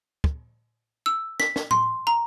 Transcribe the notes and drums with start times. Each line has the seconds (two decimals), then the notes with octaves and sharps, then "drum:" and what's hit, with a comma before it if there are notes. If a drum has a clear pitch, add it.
0.24 drum: kick
1.06 E6
1.40 B6, drum: snare
1.56 drum: snare
1.71 C6, drum: tom A2
2.07 A#5